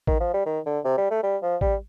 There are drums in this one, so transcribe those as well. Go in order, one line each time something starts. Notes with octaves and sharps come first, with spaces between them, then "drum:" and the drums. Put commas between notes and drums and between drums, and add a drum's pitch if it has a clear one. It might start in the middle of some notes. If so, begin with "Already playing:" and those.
D#3, drum: kick A1
F3
G3
D#3
D3
C3
G3
A3
G3
F3
G3, drum: kick A1